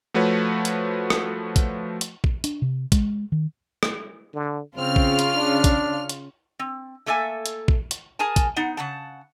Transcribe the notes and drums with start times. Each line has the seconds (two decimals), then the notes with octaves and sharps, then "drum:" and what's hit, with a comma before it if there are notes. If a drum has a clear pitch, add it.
0.14 F3 A3 F#4 B4 C#5
0.65 drum: hi-hat
1.10 drum: rim click
1.56 drum: kick A#1, hi-hat
2.01 drum: hi-hat
2.24 drum: kick A#1
2.44 D4, drum: hi-hat
2.62 C3
2.92 G#3, drum: kick A#1, hi-hat
3.32 D#3
3.83 drum: rim click
4.34 D3
4.76 C#3 C4 F4 F6
4.96 drum: kick A#1
5.19 drum: hi-hat
5.35 D4
5.64 drum: kick A#1, hi-hat
6.09 drum: hi-hat
6.59 C4
7.06 A3 A#3 A4 E5 G#5
7.46 drum: hi-hat
7.68 drum: kick A#1
7.91 drum: hi-hat
8.19 G#4 A#4 G#5 A5
8.36 drum: kick A#1, hi-hat
8.56 B3 D#4 F#5
8.77 C#3 F#5 A5